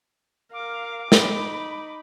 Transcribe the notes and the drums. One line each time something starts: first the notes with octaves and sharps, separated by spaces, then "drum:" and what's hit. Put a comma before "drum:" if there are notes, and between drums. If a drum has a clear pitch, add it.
A#4 F5 D6
D#4 B5, drum: snare